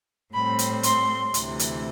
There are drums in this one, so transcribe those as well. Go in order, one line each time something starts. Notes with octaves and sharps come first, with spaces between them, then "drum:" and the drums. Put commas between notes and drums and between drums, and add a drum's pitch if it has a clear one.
A2 G3 C4 B5
drum: hi-hat
C6, drum: hi-hat
D2 C3 E3, drum: hi-hat
drum: hi-hat